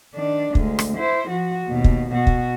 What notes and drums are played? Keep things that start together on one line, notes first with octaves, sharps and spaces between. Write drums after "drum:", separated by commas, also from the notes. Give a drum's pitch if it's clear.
D#3 D4
D2 G#3, drum: kick
drum: rim click
E4 C5
F3 F#4
D#2 B2
drum: kick
B2 F#4
drum: kick